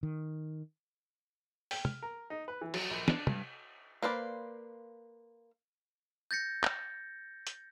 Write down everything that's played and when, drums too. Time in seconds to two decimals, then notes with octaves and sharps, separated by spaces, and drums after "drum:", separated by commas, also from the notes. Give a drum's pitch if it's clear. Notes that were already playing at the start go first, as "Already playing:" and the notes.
0.03 D#3
1.71 G5, drum: open hi-hat
1.85 F6, drum: tom
2.02 A#4
2.30 D#4
2.48 B4
2.61 E3
2.74 F#3, drum: cymbal
2.90 A#1
3.08 D4, drum: snare
3.27 G2, drum: tom
4.02 A#3 B4 C5 D5
6.31 G6 A6 A#6 C#7
6.64 drum: clap
7.47 drum: hi-hat